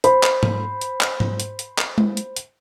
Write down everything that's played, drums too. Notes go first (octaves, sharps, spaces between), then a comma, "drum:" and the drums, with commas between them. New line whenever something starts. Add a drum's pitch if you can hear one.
C5 B5, drum: hi-hat
drum: clap
drum: tom G#2
drum: hi-hat
drum: clap
drum: tom G#2
drum: hi-hat
drum: hi-hat
drum: clap
drum: tom G#3
drum: hi-hat
drum: hi-hat